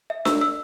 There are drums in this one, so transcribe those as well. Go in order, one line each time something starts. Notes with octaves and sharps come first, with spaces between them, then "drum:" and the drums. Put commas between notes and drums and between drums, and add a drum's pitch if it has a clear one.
E5
E6, drum: snare D4
E6